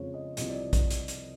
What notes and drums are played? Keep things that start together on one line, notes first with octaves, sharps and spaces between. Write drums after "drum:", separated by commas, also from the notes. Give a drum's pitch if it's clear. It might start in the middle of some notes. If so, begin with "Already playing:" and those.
Already playing: F2 C#3 F3 G#3 C#5
D#5
C2 C3 F3 D#5, drum: hi-hat
D5
drum: kick, hi-hat
drum: hi-hat
drum: hi-hat